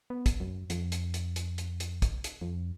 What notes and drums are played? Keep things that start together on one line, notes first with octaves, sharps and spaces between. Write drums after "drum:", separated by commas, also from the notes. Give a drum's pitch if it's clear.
B3
drum: kick, hi-hat
F#2
F2, drum: hi-hat
drum: hi-hat
drum: hi-hat
drum: hi-hat
drum: hi-hat
drum: hi-hat
drum: kick, hi-hat
drum: hi-hat
F2